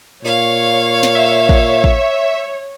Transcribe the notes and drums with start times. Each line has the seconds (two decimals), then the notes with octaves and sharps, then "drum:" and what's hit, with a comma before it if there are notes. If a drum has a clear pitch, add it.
0.25 A#2 C#5 F5
1.03 drum: snare
1.15 E5
1.49 drum: kick
1.84 drum: kick